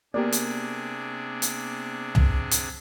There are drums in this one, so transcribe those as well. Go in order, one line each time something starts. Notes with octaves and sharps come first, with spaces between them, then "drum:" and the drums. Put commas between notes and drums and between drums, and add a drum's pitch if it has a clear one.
C3 A#3 B3 D4 G4 G#4 A#4 D5
drum: hi-hat
drum: hi-hat
drum: tom
drum: hi-hat